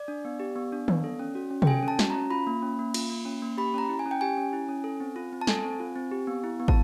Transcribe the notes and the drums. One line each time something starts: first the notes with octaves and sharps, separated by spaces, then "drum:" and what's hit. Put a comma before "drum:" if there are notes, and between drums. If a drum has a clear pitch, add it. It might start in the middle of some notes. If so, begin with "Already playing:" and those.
Already playing: D5
D4
B3
G4
B3
D4
B3, drum: tom D#3
A4
C#4
F#4
C#4
G5, drum: tom C3
A4 G#5
C#4
A5
F#4, drum: snare
C#4 A#5
F4 B5
A#3
C#4
A#3
F4, drum: cymbal
A#3
C#4
A#3
G4 B5
C#4 A#5
E4
G#5
C#4
G5
G4 G#5
C#4
E4
C#4
A4
C4
F4
C4
A5
A4 G#5, drum: snare
C4
F4
C4
G4
B3
E4
B3
A5, drum: kick